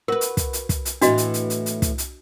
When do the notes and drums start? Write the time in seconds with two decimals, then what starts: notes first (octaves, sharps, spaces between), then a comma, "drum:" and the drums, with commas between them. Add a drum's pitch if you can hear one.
0.08 F#4 A#4 B4
0.21 drum: hi-hat
0.37 drum: kick, hi-hat
0.53 drum: hi-hat
0.69 drum: kick, hi-hat
0.85 drum: hi-hat
1.02 A2 E3 B3 D4 F#4 D#5, drum: hi-hat
1.18 drum: hi-hat
1.34 drum: hi-hat
1.50 drum: hi-hat
1.66 drum: hi-hat
1.82 drum: kick, hi-hat
1.98 drum: hi-hat